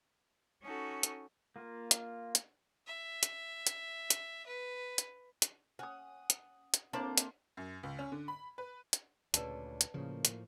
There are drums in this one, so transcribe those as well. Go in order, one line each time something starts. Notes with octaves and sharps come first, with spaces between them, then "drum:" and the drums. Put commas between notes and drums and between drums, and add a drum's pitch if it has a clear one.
C#4 D#4 F#4 A4
drum: hi-hat
A#3 F4
drum: hi-hat
drum: hi-hat
E5
drum: hi-hat
drum: hi-hat
drum: hi-hat
B4
drum: hi-hat
drum: hi-hat
C#4 F#5 D#6
drum: hi-hat
drum: hi-hat
A2 A#3 C4 D4 C5 D6
drum: hi-hat
F#2
C#2
C#4
D3
B5
B4
drum: hi-hat
D2 A#2 C#3 B4 C#5 D5 A5, drum: hi-hat
drum: hi-hat
A2 C#3 F3 A#3
drum: hi-hat